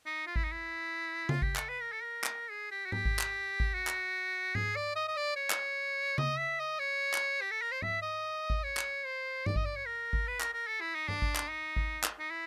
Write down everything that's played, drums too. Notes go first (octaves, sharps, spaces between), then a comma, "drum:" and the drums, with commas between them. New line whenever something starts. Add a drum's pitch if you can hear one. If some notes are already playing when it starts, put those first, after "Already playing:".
D#4
F4
E4, drum: kick G#1
D#4
E4
F4, drum: tom C#3
G4, drum: kick G#1
A4, drum: clap
B4
A#4
A4
A#4
drum: clap
G#4
G4
F#4
G4, drum: tom G#2
drum: kick G#1
drum: clap
drum: kick G#1
F#4
drum: clap
G#4, drum: tom G#2
D5
D#5
D#5
D5
C#5
drum: clap
D#5, drum: tom C#3
E5
D#5
C#5
drum: clap
G4
A4
A#4
C5
E5, drum: tom G#2
D#5
drum: kick G#1
C#5
drum: clap
C5
D5, drum: tom G2
D#5, drum: kick G#1
D5
C#5
A#4
drum: kick G#1
B4
A#4, drum: clap
A#4
A4
E4
D#4
D4, drum: tom G2
drum: kick G#1
drum: clap
D#4
drum: kick G#1
drum: clap
D#4
E4